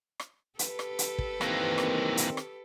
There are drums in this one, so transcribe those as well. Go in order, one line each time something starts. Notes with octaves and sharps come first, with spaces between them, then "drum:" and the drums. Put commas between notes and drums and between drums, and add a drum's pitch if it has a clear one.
drum: rim click
G4 A4 B4, drum: hi-hat
drum: rim click
drum: hi-hat
drum: kick
D#3 E3 A#3 C4, drum: rim click
drum: rim click
drum: hi-hat
drum: rim click